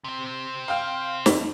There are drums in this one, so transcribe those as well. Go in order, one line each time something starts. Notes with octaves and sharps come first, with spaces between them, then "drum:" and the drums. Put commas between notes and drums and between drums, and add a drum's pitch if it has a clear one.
C3 C4
F5 G5 F6
F2, drum: snare